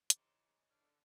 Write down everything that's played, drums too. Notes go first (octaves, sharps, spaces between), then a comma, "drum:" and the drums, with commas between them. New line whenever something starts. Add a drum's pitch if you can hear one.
E2 G#2 C#3 C5 D6, drum: hi-hat
D3 F6